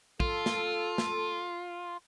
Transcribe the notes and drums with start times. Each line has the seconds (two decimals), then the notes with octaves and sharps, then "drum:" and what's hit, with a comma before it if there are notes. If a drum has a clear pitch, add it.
0.20 F4 A4, drum: kick
0.46 drum: snare
0.98 drum: snare